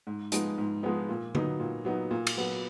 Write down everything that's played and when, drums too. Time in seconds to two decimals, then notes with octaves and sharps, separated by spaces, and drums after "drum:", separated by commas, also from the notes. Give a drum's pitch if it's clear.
0.07 G#2
0.32 F3 G#3 B3 D#4, drum: hi-hat
0.58 G#2
0.83 F3 G#3 B3 D#4
1.09 A#2
1.35 F#3 B3 D#4, drum: tom D3
1.60 A#2
1.85 F#3 B3 D#4
2.11 A#2
2.27 drum: cymbal
2.37 F#3 B3